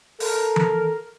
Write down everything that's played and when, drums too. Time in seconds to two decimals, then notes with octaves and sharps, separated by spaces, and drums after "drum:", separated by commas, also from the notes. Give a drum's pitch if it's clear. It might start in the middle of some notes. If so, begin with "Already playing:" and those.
0.20 A4 A#4, drum: open hi-hat
0.56 drum: tom E3